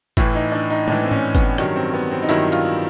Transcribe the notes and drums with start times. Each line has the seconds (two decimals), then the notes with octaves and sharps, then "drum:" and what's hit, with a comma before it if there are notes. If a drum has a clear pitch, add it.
0.17 A2 E3 E4, drum: kick G1, hi-hat
0.35 D#4
0.52 D4
0.70 D#4
0.88 A2 E3 D4, drum: tom G#3
1.03 C4
1.11 C#4, drum: tom G#2
1.35 B3, drum: kick G1, hi-hat
1.58 G2 D#3 F#3 C#4, drum: rim click
1.76 C4
1.94 B3
2.11 C4
2.22 D#4
2.29 G2 D#3 F#3 E4, drum: hi-hat
2.52 F4, drum: hi-hat